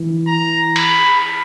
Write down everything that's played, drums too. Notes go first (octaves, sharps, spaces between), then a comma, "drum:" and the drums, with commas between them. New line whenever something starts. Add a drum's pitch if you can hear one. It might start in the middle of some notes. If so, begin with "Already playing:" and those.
Already playing: E3
A#5
B5, drum: cymbal